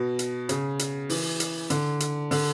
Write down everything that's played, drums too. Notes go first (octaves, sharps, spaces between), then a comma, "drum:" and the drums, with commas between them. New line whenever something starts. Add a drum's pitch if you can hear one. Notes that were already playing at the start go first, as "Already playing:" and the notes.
Already playing: B2
drum: hi-hat
C#3, drum: hi-hat
drum: hi-hat
E3, drum: open hi-hat
drum: hi-hat
D3, drum: hi-hat
drum: hi-hat
D3, drum: open hi-hat